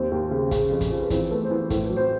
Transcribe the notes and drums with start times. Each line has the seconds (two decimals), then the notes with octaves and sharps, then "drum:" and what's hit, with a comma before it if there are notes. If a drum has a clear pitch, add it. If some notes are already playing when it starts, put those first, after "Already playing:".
Already playing: D#2 C4 C5
0.12 D#2
0.31 C#3
0.51 C#3, drum: kick, hi-hat
0.71 F2
0.81 drum: kick, hi-hat
0.91 F3
1.01 B4
1.10 E3 C4 C5, drum: kick, hi-hat
1.30 A3 B3 B4
1.45 C5
1.50 E3 B3 B4
1.70 A2 C5, drum: kick, hi-hat
1.84 B4
1.90 F#3
1.97 C4 C5